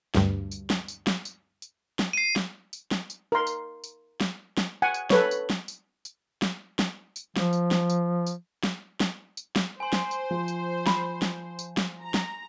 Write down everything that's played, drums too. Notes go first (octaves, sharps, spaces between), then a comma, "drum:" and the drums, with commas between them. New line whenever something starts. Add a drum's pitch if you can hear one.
D2 G2, drum: snare
drum: tambourine
drum: snare
drum: tambourine
drum: snare
drum: tambourine
drum: tambourine
drum: snare
C7 D#7
drum: snare
drum: tambourine
drum: snare
drum: tambourine
A#4 C6
drum: tambourine
drum: tambourine
drum: snare
drum: snare
F#5 G#5
drum: tambourine
A4 B4 C#5, drum: snare
drum: tambourine
drum: snare
drum: tambourine
drum: tambourine
drum: snare
drum: snare
drum: tambourine
F3, drum: snare
drum: tambourine
drum: snare
drum: tambourine
drum: tambourine
drum: snare
drum: snare
drum: tambourine
drum: snare
C5 G#5 C6
drum: snare
drum: tambourine
F3
drum: tambourine
B5, drum: snare
drum: snare
drum: tambourine
drum: snare
A#5
drum: snare